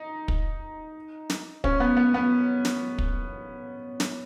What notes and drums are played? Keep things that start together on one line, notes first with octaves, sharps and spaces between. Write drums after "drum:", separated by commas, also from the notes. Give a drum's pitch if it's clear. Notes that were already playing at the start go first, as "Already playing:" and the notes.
Already playing: D#4
drum: kick
drum: snare
C#4, drum: kick
B3
B3
B3
drum: snare
drum: kick
drum: snare